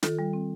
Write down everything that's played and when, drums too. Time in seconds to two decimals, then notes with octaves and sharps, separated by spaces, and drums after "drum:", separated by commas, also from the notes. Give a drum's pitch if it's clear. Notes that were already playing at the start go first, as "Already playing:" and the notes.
0.03 D#3 F4 A4, drum: snare
0.19 G3
0.33 C4